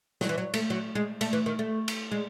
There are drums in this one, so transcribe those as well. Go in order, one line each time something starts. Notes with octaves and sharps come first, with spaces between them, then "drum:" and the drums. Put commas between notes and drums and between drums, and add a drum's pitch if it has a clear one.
F#3, drum: snare
E3
F#3
A3, drum: cymbal
F#3
G#3
A3, drum: cymbal
E3
D#3
A3
drum: cymbal
G#3